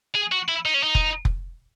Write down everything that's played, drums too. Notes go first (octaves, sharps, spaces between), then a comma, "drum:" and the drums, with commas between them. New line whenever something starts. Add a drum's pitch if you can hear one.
G#4
F#4
E4
D#4
C#4
D#4
drum: kick F1
drum: kick F1